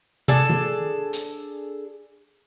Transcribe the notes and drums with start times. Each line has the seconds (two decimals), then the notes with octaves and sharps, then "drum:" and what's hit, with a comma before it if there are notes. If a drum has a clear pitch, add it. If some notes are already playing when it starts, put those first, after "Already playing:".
0.28 D4 G#4 A4 A5, drum: tom
0.50 drum: tom D#3
1.13 drum: hi-hat